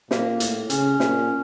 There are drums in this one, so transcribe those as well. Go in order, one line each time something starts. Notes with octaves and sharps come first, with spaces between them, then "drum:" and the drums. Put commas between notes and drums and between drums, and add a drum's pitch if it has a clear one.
A#2 A#3, drum: snare
A2, drum: hi-hat
C#3 C#4, drum: hi-hat
A#2, drum: snare